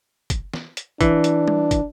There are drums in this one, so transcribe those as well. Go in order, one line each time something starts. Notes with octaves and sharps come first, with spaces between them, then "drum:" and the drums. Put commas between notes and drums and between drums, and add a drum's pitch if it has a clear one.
drum: kick, hi-hat
drum: snare
drum: hi-hat
E3 D4, drum: kick, hi-hat
drum: hi-hat
drum: tom G3
drum: kick, hi-hat